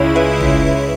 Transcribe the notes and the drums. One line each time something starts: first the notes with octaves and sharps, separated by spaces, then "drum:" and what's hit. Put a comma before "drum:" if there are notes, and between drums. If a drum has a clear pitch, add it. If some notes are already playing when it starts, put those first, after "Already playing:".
Already playing: C#2 C#3 G#3 E4 C#5
B4 E5
drum: tom